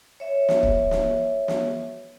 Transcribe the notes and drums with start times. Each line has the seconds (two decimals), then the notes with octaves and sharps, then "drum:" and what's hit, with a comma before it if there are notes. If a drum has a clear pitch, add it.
0.20 C#5 E5
0.49 drum: snare
0.63 drum: kick
0.91 drum: snare
1.48 drum: snare